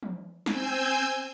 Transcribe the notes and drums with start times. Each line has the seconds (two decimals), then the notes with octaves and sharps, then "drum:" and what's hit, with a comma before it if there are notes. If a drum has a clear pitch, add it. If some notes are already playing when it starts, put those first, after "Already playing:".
0.03 drum: tom
0.46 C4 G#5 E6 G6, drum: snare